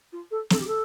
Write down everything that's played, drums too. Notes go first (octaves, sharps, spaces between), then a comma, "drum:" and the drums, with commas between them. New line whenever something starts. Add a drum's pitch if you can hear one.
F4
A4
A4, drum: snare
G4
A4